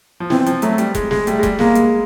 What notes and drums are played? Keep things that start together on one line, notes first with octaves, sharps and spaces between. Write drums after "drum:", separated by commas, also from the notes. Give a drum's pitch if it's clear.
F3
E3 C4, drum: snare
F3, drum: hi-hat
F#3 A3, drum: hi-hat
G3, drum: hi-hat
G#3, drum: kick E1, hi-hat
G#3, drum: snare
G3 A3, drum: hi-hat
G#3
G3, drum: kick E1, hi-hat
G#3 A#3, drum: snare
drum: hi-hat